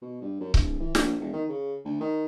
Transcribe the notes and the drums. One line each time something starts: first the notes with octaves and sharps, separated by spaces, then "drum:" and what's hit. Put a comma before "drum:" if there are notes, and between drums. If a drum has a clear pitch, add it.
B2
G2
F#2
D1, drum: kick C#1
E3
A#1, drum: snare
E1
D#3
C#3
D2
D#3